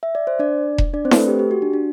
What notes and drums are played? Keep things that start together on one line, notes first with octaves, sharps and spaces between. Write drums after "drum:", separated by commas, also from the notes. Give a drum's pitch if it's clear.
E5
D5
C5
D4 D5
drum: kick E1
D4 D5
C4 C5
B4, drum: snare E4
A3 A4
G4
G4
F#4
D4
D4